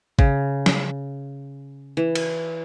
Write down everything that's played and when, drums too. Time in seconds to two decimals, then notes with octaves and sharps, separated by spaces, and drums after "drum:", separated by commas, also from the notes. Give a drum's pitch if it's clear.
0.19 C#3, drum: kick
0.66 drum: snare
1.97 E3
2.15 drum: cymbal